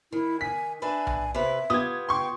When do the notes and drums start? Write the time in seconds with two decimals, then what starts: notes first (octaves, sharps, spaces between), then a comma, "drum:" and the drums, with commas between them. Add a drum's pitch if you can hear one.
0.12 D#3 E4
0.41 G#5 B6
0.82 D4 B4 E5 G#5
1.07 drum: tom B1
1.34 C3 B4 E5
1.70 B3 F4 G4 D#6 G#6
2.09 G5 C6 C#6